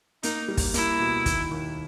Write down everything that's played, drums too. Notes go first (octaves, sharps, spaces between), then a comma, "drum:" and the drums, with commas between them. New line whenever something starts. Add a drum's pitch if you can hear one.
A#3 D#4, drum: hi-hat
G3
drum: kick, open hi-hat
A#3 E4, drum: hi-hat
B2
D#3, drum: kick, hi-hat
D#2